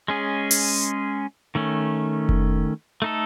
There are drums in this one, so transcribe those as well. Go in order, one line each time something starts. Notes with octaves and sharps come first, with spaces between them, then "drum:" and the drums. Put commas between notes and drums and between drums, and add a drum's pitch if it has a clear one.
G#3 C#4 G#4
drum: open hi-hat
D#3 A3 C#4
drum: kick F1
A3 D#4 A4